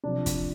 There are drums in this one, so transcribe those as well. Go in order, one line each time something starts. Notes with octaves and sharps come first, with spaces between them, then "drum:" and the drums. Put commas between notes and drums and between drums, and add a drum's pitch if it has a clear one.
C3 F3 D4
drum: kick, hi-hat